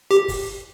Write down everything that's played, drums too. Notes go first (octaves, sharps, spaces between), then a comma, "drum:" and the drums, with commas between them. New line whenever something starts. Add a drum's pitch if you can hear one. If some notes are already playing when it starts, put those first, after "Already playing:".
G4
drum: kick, open hi-hat